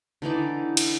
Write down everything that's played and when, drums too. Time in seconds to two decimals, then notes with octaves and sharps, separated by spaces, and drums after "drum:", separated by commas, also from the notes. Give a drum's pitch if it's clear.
0.22 D3 E3 D#4 D5
0.77 drum: cymbal